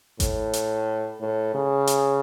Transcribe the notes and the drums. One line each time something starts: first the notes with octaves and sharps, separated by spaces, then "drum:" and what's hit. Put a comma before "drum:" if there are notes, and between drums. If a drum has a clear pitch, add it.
A2, drum: kick G#1, hi-hat
drum: hi-hat
A2
C#3
drum: hi-hat